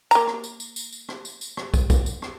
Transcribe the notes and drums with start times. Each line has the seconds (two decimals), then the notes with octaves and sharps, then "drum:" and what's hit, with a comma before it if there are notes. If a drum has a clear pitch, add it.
0.11 A#3 A#5, drum: tambourine
0.27 drum: rim click
0.44 drum: tambourine
0.60 drum: tambourine
0.76 drum: tambourine
0.92 drum: tambourine
1.09 drum: rim click
1.25 drum: tambourine
1.41 drum: tambourine
1.57 drum: rim click
1.74 drum: kick, tambourine
1.90 drum: kick, tambourine
2.06 drum: tambourine
2.22 drum: rim click